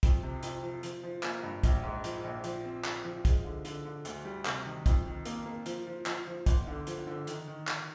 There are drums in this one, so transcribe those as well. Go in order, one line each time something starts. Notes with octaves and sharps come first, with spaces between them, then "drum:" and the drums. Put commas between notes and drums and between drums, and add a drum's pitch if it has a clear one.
F2, drum: kick, hi-hat
C3
F2, drum: hi-hat
F3
F3, drum: hi-hat
F3
A#3, drum: clap
G2
A#1, drum: kick, hi-hat
G#2
F3, drum: hi-hat
A#1
F3, drum: hi-hat
C4
F3, drum: clap
F3
G#3, drum: kick, hi-hat
D3
D3, drum: hi-hat
D3
D2, drum: hi-hat
G3
C3, drum: clap
D#3
F2, drum: kick, hi-hat
D#3
A#3, drum: hi-hat
A#3
F3, drum: hi-hat
F3
F3, drum: clap
F3
G1, drum: kick, hi-hat
D3
F3, drum: hi-hat
D3
D#3, drum: hi-hat
D#3
D#3, drum: clap